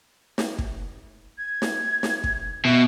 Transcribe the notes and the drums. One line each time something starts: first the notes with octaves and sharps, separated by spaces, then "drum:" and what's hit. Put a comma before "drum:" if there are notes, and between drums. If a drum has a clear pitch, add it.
drum: snare
drum: kick
G#6
drum: snare
drum: snare
drum: kick
B2 E5